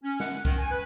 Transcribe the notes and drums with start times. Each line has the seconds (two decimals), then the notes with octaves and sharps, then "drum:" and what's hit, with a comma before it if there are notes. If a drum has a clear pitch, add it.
0.04 C#4
0.20 F#5, drum: snare
0.45 D#3, drum: kick C2, hi-hat
0.58 G#5
0.71 B4